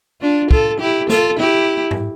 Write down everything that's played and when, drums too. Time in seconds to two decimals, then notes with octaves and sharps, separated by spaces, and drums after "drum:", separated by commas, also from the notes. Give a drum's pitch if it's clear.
0.21 D4 F4
0.51 F4 A4, drum: kick
0.80 E4 G4
1.09 F4 A4, drum: snare
1.39 E4 G4
1.91 drum: tom G#2